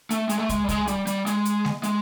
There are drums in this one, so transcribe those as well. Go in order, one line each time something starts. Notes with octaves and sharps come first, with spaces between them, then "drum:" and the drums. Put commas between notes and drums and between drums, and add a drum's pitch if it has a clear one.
A3, drum: hi-hat
G#3, drum: hi-hat
A3
G#3, drum: kick, hi-hat
G3
G#3, drum: kick, hi-hat
G3, drum: hi-hat
G3, drum: hi-hat
G#3, drum: hi-hat
drum: hi-hat
drum: snare G#3
G#3, drum: hi-hat